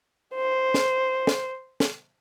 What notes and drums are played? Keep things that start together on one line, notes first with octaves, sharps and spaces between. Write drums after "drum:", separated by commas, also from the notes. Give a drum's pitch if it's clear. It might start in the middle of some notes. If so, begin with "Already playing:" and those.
C5
drum: snare
drum: snare
drum: snare